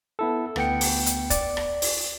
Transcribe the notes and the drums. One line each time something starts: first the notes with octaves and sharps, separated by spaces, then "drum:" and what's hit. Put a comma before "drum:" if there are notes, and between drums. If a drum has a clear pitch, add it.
B3 E4 A4
D2 B3 G5 C#7, drum: rim click
drum: open hi-hat
drum: hi-hat
D5, drum: kick, hi-hat
drum: rim click
drum: open hi-hat